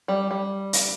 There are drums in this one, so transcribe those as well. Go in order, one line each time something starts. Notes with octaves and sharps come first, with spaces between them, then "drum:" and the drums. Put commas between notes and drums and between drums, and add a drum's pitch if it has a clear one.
G3
G3
drum: hi-hat